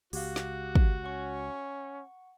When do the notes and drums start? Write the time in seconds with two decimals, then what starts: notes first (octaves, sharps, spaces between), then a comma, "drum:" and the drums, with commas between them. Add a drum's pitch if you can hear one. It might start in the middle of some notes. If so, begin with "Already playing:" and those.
0.13 C#2 F#4 G4 F5, drum: open hi-hat
0.36 drum: snare
0.75 drum: kick
1.04 C#4 F#5 C#6